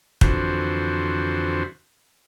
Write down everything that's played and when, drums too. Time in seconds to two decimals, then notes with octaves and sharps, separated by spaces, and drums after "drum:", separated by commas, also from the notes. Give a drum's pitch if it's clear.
0.21 F2 D3 E3 F#4 C5, drum: kick